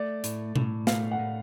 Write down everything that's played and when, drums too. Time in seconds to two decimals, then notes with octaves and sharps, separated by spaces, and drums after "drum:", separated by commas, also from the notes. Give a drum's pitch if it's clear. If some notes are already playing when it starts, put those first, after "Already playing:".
Already playing: A3 D5
0.24 A2, drum: hi-hat
0.56 A2, drum: tom B2
0.87 A3 F5, drum: snare
1.11 F#5
1.19 A2